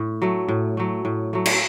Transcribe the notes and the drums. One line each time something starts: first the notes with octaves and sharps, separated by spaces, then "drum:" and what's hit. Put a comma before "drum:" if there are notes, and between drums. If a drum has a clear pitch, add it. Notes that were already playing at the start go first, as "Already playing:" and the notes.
Already playing: A2
F#3 A3
A2
F#3 A3
A2
F#3 A3
drum: cymbal